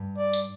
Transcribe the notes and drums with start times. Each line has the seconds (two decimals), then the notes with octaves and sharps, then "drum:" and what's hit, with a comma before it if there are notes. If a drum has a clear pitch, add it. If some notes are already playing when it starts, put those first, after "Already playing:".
Already playing: G2
0.17 D5
0.33 drum: tambourine